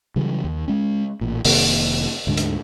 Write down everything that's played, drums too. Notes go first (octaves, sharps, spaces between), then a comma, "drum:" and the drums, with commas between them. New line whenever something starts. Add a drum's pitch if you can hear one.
C#3 E3 F#3 G3
D#2
G#3 C#4
A1 A#2
F1 C3 D#3 A#3, drum: open hi-hat
D2 G#2 D3
drum: hi-hat